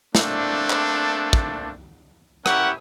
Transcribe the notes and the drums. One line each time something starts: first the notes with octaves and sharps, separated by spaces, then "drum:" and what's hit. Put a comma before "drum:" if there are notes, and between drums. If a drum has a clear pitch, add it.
A3 A#3 C4 D4, drum: snare
drum: clap
drum: kick
C#4 E4 G4 A#4 F#5 C#6, drum: rim click